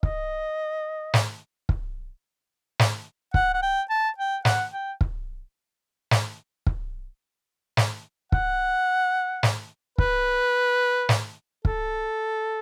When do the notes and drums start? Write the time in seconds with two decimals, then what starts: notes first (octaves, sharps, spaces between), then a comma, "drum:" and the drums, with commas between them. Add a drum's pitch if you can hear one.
0.03 D#5, drum: kick
1.14 drum: snare
1.69 drum: kick
2.79 drum: snare
3.34 F#5, drum: kick
3.54 F#5
3.62 G5
3.90 A5
4.18 G5
4.45 F#5, drum: snare
4.73 G5
5.01 drum: kick
6.11 drum: snare
6.66 drum: kick
7.77 drum: snare
8.32 F#5, drum: kick
9.43 drum: snare
9.98 B4, drum: kick
11.09 drum: snare
11.65 A4, drum: kick